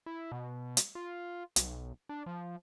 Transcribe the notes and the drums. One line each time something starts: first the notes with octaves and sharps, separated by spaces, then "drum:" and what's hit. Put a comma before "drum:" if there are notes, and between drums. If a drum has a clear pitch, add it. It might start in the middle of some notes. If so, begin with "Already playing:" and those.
E4
B2
drum: hi-hat
F4
B1, drum: hi-hat
D4
F3